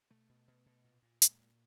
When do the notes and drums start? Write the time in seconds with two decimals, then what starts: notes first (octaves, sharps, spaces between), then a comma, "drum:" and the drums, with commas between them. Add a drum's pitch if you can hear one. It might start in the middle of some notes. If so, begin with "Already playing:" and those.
0.10 B2 A3
0.29 B2
0.48 B2
0.66 B2
0.84 A#2
1.02 A#2
1.22 A#2 G#3, drum: hi-hat
1.40 A#2